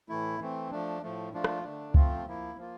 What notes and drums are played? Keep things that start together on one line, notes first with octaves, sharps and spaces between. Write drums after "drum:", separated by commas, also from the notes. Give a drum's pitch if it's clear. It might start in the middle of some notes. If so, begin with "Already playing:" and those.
A2 E3 A3 E4
E3 A3 C4
F3 A3 D4
A2 F3 A3
F3 A3 D4 F4
drum: rim click
D3 A3 D4
F3 A3 C4 F4, drum: kick C#2
F3 A#3 E4
F3 A#3 F4